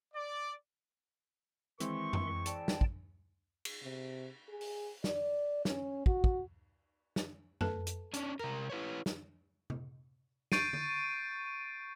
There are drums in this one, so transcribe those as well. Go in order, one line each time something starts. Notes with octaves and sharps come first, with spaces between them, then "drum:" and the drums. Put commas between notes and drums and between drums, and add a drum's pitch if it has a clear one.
D5
D#3 E3 G#3 C4 E5 C6 C#6, drum: hi-hat
drum: tom F2
D5 G5 A5, drum: hi-hat
drum: snare
drum: kick
drum: cymbal
C3
G#4
drum: open hi-hat
D5, drum: snare
C#4, drum: snare
F#4, drum: kick
drum: kick
drum: snare
A4 B4 A5, drum: tom F2
drum: hi-hat
C#4 D4, drum: hi-hat
C3 A#4 A#5
E4 B4 C#5
drum: snare
drum: tom C3
C#6 G6 A6 C7 D7 D#7, drum: snare
drum: tom D3